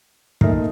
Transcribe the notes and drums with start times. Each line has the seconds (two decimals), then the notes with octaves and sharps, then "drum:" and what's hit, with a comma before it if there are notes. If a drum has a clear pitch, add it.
0.41 A#2 A3 D#4 A#4, drum: kick